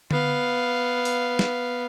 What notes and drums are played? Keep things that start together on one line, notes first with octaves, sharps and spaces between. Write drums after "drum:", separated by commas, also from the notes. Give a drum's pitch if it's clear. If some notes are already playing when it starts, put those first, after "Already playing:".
B3 F5, drum: tom D3
drum: open hi-hat
drum: snare